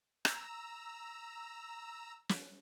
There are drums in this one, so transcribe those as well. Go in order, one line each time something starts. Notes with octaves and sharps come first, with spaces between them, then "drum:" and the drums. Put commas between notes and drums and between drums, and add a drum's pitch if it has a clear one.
A#5 E6, drum: rim click
drum: snare